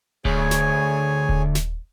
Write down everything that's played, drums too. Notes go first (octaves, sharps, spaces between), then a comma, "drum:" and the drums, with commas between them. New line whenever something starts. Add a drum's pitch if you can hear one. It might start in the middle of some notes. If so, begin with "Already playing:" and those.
D2 G#4 C#5 G#5, drum: kick D#1
drum: snare
drum: kick D#1
drum: snare